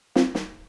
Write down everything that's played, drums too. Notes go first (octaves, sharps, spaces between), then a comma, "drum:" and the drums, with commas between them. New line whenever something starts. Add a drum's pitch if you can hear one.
C4 F4, drum: snare
drum: snare